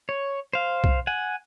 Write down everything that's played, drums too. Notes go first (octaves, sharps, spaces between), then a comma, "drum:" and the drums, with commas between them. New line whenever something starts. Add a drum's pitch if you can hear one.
C#5
C5 F5
drum: kick
F#5 G#5